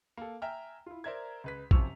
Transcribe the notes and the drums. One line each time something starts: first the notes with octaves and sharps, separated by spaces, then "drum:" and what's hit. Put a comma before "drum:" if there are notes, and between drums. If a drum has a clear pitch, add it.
A#3 A4
E5 G5 G#5 A#5 F6
E4 F4
A#4 C5 D5 E5 A#5 G#6
C#2 B4 B6
F#2 C3 F3 C#6 E6 F7, drum: kick A#1